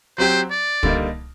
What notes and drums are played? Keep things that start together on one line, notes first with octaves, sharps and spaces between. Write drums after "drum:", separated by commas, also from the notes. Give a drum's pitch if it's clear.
F#3 C4 G4 C5
D5
D3 G3 A#3 D#4, drum: kick